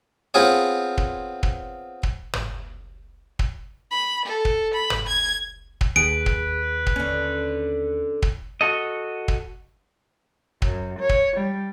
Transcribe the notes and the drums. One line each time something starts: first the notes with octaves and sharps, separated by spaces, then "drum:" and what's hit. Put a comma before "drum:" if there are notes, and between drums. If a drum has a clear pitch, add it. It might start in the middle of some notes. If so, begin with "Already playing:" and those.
B3 C4 F4 G#4 C#5
drum: kick
drum: kick
drum: kick
drum: tom
drum: kick
B5
A4
drum: kick
B5
drum: tom
G#6
drum: kick
D#2 G#4 B4 D7
drum: kick
drum: kick
D3 C#4
drum: kick
F#4 A4 D#5
drum: kick
F#2, drum: kick
C#5
drum: kick
G3